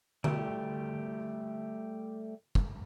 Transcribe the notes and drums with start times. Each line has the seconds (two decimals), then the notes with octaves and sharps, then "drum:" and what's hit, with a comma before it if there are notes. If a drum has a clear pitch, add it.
0.24 G3 A3 G4, drum: tom D3
2.55 drum: kick